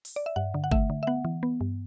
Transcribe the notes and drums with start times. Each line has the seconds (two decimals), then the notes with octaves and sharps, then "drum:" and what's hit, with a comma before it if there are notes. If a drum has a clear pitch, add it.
0.05 drum: open hi-hat
0.16 D5
0.26 E5
0.36 G2 F#5
0.54 D3
0.64 F#5
0.72 A3 E5, drum: kick
0.90 D3
1.03 E5
1.07 B3 F#5
1.25 E3
1.43 B3
1.61 G2